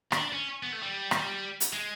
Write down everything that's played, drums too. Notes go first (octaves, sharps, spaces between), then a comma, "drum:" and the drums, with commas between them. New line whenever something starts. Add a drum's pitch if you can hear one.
D4, drum: rim click
C#4
B3
A3
G3
drum: rim click
drum: hi-hat
G#3